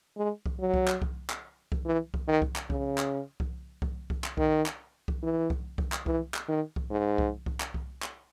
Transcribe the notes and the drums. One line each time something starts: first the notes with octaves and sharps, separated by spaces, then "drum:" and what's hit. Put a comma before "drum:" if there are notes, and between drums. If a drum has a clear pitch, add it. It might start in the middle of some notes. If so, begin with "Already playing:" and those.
G#3
drum: kick C2
F#3
drum: kick C2
drum: clap
drum: kick C2
drum: clap
drum: kick C2
E3
drum: kick C2
D#3
drum: kick C2
drum: clap
C#3, drum: kick C2
drum: clap
drum: kick C2
drum: kick C2
drum: kick C2
drum: clap
D#3, drum: kick C2
drum: clap
drum: kick C2
E3
drum: kick C2
drum: kick C2
drum: clap
E3, drum: kick C2
drum: clap
D#3
drum: kick C2
G#2
drum: kick C2
drum: kick C2
drum: clap
drum: kick C2
drum: clap